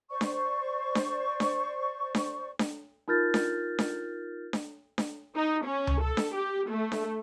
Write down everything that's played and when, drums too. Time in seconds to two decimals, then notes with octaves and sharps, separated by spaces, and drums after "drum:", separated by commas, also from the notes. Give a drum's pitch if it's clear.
0.10 C5 D5 C#6
0.21 drum: snare D4
0.95 drum: snare D4
1.40 drum: snare D4
2.15 drum: snare D4
2.59 drum: snare D4
3.08 D#4 F4 A#4 F6 G6 A6
3.34 drum: snare D4
3.79 drum: snare D4
4.53 drum: snare D4
4.98 drum: snare D4
5.36 D#4
5.65 C#4
5.87 drum: tom C#2
6.02 A4
6.17 drum: snare D4
6.34 G4
6.70 A3
6.92 drum: snare D4